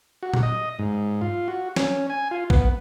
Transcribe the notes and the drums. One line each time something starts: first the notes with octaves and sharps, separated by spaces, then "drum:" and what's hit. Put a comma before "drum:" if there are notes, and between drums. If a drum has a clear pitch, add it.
F#4
drum: tom A#2
D#5
G#2
F4
F#4
C#4, drum: snare
G#5
F4
B3, drum: kick A#1